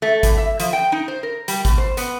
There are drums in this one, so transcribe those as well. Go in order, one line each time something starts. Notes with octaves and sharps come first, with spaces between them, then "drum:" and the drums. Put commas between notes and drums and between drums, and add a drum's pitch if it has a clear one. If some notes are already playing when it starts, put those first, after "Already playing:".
A3
E2, drum: kick G#1, hi-hat
E5
F3, drum: hi-hat
G5
D#4
C5
A#4
G3, drum: hi-hat
B2, drum: kick G#1, hi-hat
C5
B3, drum: hi-hat